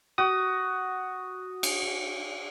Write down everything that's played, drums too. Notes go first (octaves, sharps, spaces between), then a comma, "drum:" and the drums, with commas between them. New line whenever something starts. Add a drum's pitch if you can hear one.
F#4 D#6
drum: cymbal